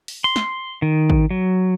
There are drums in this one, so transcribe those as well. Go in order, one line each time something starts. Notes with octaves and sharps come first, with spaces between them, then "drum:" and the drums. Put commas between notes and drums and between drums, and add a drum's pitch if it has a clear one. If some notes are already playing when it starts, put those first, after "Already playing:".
drum: open hi-hat
C6
drum: snare
D#3
drum: kick
F#3